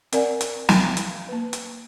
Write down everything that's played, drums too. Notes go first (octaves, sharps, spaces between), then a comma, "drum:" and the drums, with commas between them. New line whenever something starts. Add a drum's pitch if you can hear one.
C4 A#4 D5 F#5 G#5, drum: hi-hat
drum: hi-hat
drum: snare
drum: hi-hat
A#3 B4
drum: hi-hat